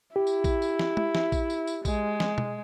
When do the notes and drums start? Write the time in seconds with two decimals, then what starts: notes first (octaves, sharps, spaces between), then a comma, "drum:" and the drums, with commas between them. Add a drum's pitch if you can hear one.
0.16 E4 G4
0.27 drum: tambourine
0.44 drum: kick A#1, tambourine
0.62 drum: tambourine
0.79 drum: snare
0.97 drum: tom
1.15 drum: snare
1.32 drum: kick A#1, tambourine
1.50 drum: tambourine
1.67 drum: tambourine
1.85 G#3, drum: kick A#1, tambourine
2.20 drum: snare
2.38 drum: tom B2